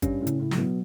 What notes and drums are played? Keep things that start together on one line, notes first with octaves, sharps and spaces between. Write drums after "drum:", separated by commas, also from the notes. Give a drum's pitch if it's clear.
G2 C#4, drum: kick G#1, hi-hat
A2
C#3, drum: hi-hat
A2
A2 F#3, drum: snare
B2